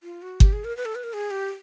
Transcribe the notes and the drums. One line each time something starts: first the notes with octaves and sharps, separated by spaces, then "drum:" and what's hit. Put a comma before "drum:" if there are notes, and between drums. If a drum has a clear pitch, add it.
F4
F#4
G4, drum: kick G1
G#4
A#4
B4
A4
B4
A#4
G#4
G4